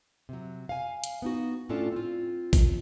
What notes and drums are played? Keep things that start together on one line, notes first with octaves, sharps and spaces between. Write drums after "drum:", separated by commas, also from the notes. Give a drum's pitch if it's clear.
C3 F#3
F5 G#5
drum: hi-hat
B3 D#4 F#4
A2 C#4 D4 F4 A4
C4 F4
drum: kick A1, open hi-hat